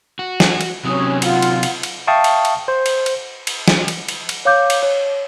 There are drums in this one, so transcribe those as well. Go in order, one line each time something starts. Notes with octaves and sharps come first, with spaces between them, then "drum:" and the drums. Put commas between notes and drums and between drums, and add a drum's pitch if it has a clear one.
F#4
drum: snare
drum: cymbal
C3 F#3 C#4 D#6
F4 F#5, drum: cymbal
drum: cymbal
drum: cymbal
drum: cymbal
E5 F5 G5 A5 C#6 D#6
drum: cymbal
drum: cymbal
C5
drum: cymbal
drum: cymbal
drum: cymbal
drum: snare
drum: cymbal
drum: cymbal
drum: cymbal
C#5 F5 D6 G6
drum: cymbal
C#5